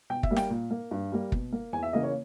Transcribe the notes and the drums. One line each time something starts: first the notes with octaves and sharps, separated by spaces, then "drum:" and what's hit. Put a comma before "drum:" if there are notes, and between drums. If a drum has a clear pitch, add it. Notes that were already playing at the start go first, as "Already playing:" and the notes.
B2 G5
E5, drum: kick
G3 A#3
G5, drum: snare
A#2
A#3
G2
G3 A#3
B2, drum: kick
A#3
E2 G#5
E5
C#3 E3 A#3 D#5
C#5